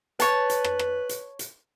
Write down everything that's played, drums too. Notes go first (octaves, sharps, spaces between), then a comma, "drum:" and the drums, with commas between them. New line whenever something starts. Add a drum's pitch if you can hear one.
B4 C#5 A5, drum: hi-hat
drum: hi-hat
drum: rim click
drum: rim click
drum: hi-hat
drum: hi-hat